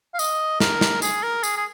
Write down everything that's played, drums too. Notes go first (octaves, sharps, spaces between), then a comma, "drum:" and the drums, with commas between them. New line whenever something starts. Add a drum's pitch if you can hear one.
F5
D#5, drum: tambourine
A#4, drum: snare
drum: snare
G#4, drum: tambourine
A#4
G#4, drum: tambourine
G#4